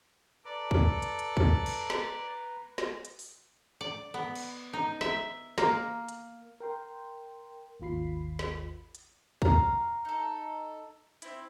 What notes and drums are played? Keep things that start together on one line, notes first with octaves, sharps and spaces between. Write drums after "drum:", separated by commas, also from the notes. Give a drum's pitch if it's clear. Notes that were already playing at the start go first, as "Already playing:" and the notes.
A4 B4 D5 A#5
drum: kick
drum: hi-hat
drum: hi-hat
drum: kick
drum: cymbal
drum: snare
drum: snare
drum: hi-hat
drum: open hi-hat
D5
B3
drum: cymbal
D#4
E5, drum: snare
A#3, drum: snare
drum: hi-hat
A#4 G5 C6
G#1 D#2 F4 B5 C7
drum: snare
drum: hi-hat
F5 A#5, drum: kick
D#4 A4
C4 E4, drum: hi-hat